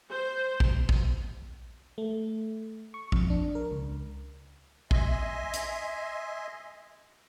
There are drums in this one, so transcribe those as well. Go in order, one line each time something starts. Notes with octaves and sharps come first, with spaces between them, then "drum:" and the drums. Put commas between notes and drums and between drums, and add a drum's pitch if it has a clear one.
C5
drum: kick A1
drum: kick A1
A3
C#6
F2, drum: kick A1
D4
A#4
C#2
D#5 E5 G#5 C6, drum: kick A1
drum: hi-hat